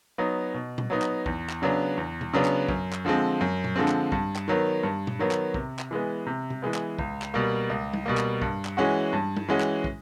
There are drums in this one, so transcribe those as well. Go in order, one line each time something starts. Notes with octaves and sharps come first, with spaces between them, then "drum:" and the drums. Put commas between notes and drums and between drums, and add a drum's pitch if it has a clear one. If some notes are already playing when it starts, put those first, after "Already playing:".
F#3 B3 D#4
B2
drum: tom A#2
F#3 B3 D#4
drum: clap
E2, drum: kick
drum: clap
C#3 F#3 B3 D4
E2
drum: tom B2
C#3 F#3 B3 D4
drum: clap
F#2, drum: kick
drum: clap
D3 F3 G#3 C4
F#2
drum: tom A#2
D3 F3 G#3 C4
drum: clap
G2, drum: kick
drum: clap
D#3 F#3 B3
G2
drum: tom A#2
D#3 F#3 B3
drum: clap
C3, drum: kick
drum: clap
E3 G#3 B3
C3
drum: tom B2
E3 G#3 B3
drum: clap
C#2, drum: kick
drum: clap
B2 G3 A#3
C#2
drum: tom G3
B2 G3 A#3
drum: clap
G2, drum: kick
drum: clap
E3 G#3 C#4 F#4
G2
drum: tom G3
E3 G#3 C#4 F#4
drum: clap
drum: kick